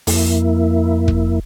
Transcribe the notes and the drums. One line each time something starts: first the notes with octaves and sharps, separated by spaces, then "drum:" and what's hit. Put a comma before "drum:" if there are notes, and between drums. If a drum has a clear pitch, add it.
F2 A#3 E4, drum: open hi-hat
drum: kick